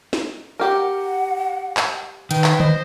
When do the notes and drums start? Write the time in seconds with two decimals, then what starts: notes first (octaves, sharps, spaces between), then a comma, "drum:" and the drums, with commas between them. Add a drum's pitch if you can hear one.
0.13 drum: snare
0.60 G4 A#4 F#5
1.77 drum: clap
2.31 D#3 B4 G5, drum: hi-hat
2.44 drum: clap
2.60 C5 D#5, drum: tom D3